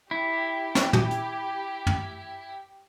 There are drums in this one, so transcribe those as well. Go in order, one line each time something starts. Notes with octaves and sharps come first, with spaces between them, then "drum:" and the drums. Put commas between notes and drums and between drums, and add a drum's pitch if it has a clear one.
E4 G4
drum: snare
drum: tom
drum: hi-hat
drum: tom